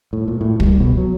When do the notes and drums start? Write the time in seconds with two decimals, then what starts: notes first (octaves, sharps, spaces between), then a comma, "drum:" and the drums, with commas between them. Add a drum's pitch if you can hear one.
0.13 A2
0.28 A#2
0.41 A2
0.60 G3, drum: kick
0.80 B2
0.97 F#3